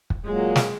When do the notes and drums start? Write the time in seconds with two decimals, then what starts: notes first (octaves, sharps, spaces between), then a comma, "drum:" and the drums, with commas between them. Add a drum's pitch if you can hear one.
0.10 drum: kick
0.24 A#2 F#3 G#3 A#3
0.56 drum: snare